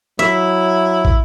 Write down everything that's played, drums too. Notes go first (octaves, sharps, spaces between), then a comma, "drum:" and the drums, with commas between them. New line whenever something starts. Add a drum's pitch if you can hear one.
F#3 E4 E5
drum: kick